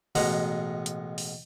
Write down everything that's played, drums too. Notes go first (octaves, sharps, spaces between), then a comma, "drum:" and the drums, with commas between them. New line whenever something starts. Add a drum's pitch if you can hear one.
A1 B2 G#3 F#5 A#5, drum: open hi-hat
drum: hi-hat
drum: open hi-hat